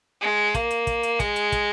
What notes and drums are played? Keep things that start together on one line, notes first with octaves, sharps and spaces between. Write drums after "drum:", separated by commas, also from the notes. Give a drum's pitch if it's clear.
G#3
A#3, drum: kick, hi-hat
drum: hi-hat
drum: kick, hi-hat
drum: hi-hat
G#3, drum: kick, hi-hat
drum: hi-hat
drum: kick, hi-hat